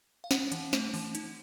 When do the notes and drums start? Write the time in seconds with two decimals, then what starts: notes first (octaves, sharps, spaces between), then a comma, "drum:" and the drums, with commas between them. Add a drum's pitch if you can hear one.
0.24 F5
0.31 C#4 F#5, drum: snare
0.52 E3, drum: hi-hat
0.73 A3, drum: snare
0.94 E3, drum: open hi-hat
1.15 D#4, drum: hi-hat